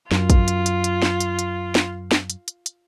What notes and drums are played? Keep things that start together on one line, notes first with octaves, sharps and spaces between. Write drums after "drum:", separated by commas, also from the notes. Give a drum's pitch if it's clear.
F#2 F4, drum: snare
drum: kick, hi-hat
drum: hi-hat
drum: hi-hat
drum: hi-hat
drum: snare
drum: hi-hat
drum: hi-hat
drum: snare
drum: snare
drum: hi-hat
drum: hi-hat
drum: hi-hat